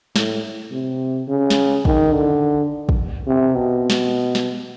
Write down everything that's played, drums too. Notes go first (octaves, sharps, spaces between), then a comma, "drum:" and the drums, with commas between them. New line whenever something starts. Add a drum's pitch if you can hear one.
A2, drum: snare
C3
C#3
drum: snare
D#3, drum: kick
D3
drum: kick
C3
B2
drum: snare
drum: snare